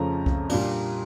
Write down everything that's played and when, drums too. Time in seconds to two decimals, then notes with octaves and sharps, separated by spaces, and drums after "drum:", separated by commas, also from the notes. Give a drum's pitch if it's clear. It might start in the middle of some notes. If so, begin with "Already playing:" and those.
Already playing: F2 C#3 F3 A3 C#4 A#5
0.26 drum: kick C2
0.49 A#2 G3 A#3 D4, drum: cymbal